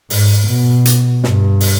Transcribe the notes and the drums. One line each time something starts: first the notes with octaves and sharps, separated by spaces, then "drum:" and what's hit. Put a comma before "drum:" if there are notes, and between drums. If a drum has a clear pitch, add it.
G#2, drum: open hi-hat
B2
drum: hi-hat
G2, drum: snare
drum: open hi-hat